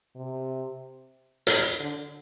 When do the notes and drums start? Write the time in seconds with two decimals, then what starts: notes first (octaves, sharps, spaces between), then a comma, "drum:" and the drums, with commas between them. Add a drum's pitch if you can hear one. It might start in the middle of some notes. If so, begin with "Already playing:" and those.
0.16 C3
1.47 drum: hi-hat
1.79 D3